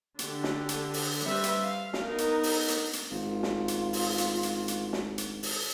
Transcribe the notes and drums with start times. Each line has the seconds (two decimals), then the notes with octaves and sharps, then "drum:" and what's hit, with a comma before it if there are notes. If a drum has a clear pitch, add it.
0.19 D3 G4, drum: hi-hat
0.44 drum: snare
0.69 drum: hi-hat
0.94 drum: open hi-hat
1.24 G3 C4 B4 E5
1.43 drum: hi-hat
1.62 F5
1.93 drum: snare
2.04 B3 D#4 A#4
2.18 drum: hi-hat
2.43 drum: open hi-hat
2.68 drum: hi-hat
2.93 drum: hi-hat
3.11 G#1 F4
3.43 drum: snare
3.68 drum: hi-hat
3.93 drum: open hi-hat
4.18 drum: hi-hat
4.43 drum: hi-hat
4.68 drum: hi-hat
4.93 drum: snare
5.18 drum: hi-hat
5.43 drum: open hi-hat